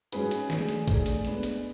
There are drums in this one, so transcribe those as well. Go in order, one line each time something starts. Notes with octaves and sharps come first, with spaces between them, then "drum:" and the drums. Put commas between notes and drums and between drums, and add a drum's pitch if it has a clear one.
G#2 F#3 C#4 G#4 B4, drum: hi-hat
drum: hi-hat
A3 D4 G#4, drum: snare
drum: hi-hat
A3 D4 G#4, drum: kick A1, hi-hat
drum: hi-hat
G#3 B3 D4, drum: hi-hat
drum: hi-hat